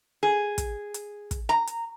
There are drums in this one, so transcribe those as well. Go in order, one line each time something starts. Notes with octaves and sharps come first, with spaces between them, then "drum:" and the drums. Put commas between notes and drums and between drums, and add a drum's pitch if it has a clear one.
G#4
drum: kick, hi-hat
drum: hi-hat
drum: kick, hi-hat
A#5
drum: hi-hat